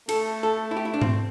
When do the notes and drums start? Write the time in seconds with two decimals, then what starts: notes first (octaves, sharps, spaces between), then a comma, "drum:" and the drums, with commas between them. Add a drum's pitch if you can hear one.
0.09 A3 A4, drum: cymbal
0.43 A4
0.71 E4
0.77 G4
0.85 E4
0.94 D4
1.02 C4, drum: tom G#2